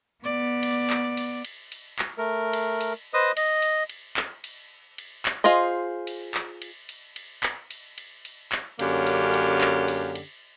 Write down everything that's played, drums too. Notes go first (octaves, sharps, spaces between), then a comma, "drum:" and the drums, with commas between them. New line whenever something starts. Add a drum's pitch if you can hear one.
B3 D5
drum: cymbal
drum: clap
drum: cymbal
drum: cymbal
drum: cymbal
drum: clap
A3 A#4
drum: cymbal
drum: cymbal
B4 C5 D#5 D#6
D#5, drum: cymbal
drum: cymbal
drum: cymbal
drum: clap
drum: cymbal
drum: cymbal
drum: clap
F4 G#4 C5 D#5
drum: cymbal
drum: clap
drum: cymbal
drum: cymbal
drum: cymbal
drum: clap
drum: cymbal
drum: cymbal
drum: cymbal
drum: clap
F#2 D3 A#3 C#4 G4, drum: cymbal
drum: cymbal
drum: cymbal
drum: clap
drum: cymbal
drum: cymbal